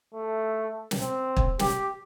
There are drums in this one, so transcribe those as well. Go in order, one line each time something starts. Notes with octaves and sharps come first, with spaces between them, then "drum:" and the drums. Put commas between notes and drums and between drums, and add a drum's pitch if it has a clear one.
A3
drum: snare
C4
drum: kick
G4, drum: snare